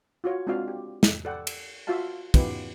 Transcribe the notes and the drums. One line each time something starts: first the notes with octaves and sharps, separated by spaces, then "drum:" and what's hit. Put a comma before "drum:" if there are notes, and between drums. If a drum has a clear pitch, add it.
F4 F#4 C#5
G#3 C4 D4 F4 F#4 F5
G4
drum: snare
A4 D5 F#5 G5
drum: cymbal
F4 F#4 E5 F5 A5
B3 C#4 D#4 F4 G4 B4, drum: kick, cymbal